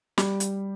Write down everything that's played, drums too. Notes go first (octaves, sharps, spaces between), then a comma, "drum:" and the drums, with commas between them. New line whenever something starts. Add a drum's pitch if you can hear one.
G3, drum: snare
drum: hi-hat